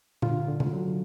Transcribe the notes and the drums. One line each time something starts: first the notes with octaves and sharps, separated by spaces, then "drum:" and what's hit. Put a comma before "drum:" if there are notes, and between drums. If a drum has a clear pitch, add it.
D3 F4, drum: tom A#2
D3
drum: tom C3
F#3